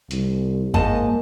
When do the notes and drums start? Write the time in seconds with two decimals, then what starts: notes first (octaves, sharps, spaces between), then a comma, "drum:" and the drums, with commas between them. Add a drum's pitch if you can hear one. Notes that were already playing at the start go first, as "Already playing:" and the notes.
0.11 C2, drum: hi-hat
0.74 G#2 A#3 D#5 A5, drum: kick G1